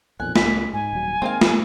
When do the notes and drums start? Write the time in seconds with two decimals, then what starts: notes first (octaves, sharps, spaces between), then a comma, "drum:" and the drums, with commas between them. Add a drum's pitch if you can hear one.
0.20 B1 F2 A#2 G#5 F#6
0.36 C#2 G#3 B6, drum: snare A3
0.73 G#2 G#5
0.93 D#1 F#3
1.22 G#3 A#3 C4 D#4 F5
1.41 drum: snare A3